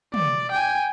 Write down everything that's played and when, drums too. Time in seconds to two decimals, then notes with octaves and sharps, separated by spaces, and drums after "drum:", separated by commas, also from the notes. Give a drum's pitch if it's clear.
0.14 D5, drum: tom
0.51 G5 G#5